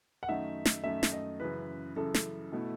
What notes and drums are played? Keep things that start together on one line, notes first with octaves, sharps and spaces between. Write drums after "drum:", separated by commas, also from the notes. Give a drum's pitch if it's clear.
F#5
F#2 D#3 A3 D#4 E5
drum: snare
F#2 D#3 A3 D#4 E5
drum: snare
D#5
F#2 C#3 E3 B4
F#2 C#3 E3 A4
drum: snare
B2 A3 E4